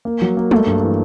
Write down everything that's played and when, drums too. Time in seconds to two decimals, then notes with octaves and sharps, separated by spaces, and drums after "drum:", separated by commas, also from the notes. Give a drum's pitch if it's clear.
0.05 A#3
0.22 F#3
0.37 A#3
0.51 A3, drum: tom
0.67 G2
0.83 E3